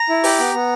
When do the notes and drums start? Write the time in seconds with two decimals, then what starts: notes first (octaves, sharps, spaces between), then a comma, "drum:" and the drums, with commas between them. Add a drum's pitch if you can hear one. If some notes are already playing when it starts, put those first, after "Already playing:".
Already playing: A#5
0.09 E4
0.24 G4, drum: open hi-hat
0.39 B3
0.54 B3